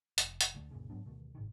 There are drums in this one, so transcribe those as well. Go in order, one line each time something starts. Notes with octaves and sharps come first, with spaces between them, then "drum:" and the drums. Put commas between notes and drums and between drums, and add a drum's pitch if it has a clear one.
F1, drum: hi-hat
drum: hi-hat
D2 D3 A3
C2 F#2 A#2 C#3
G#2 F#3 B3 D4
D2 B2 D#3 A3
F#1 G#2 C3 D#3